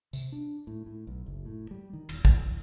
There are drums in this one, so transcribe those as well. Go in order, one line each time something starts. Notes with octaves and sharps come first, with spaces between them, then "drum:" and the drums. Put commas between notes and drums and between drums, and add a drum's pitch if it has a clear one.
C3, drum: tambourine
D4
A2
A2
B1
F#1
A2
G3
D#3
E1, drum: cymbal
D1, drum: kick